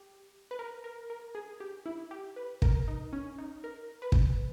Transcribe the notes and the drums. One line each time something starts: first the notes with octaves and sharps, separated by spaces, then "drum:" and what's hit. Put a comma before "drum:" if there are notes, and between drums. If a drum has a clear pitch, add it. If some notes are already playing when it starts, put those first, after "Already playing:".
Already playing: G4
B4
A#4
A#4
A#4
G#4
G4
E4
G4
B4
A#4, drum: kick
D#4
C#4
D#4
A#4
B4
drum: kick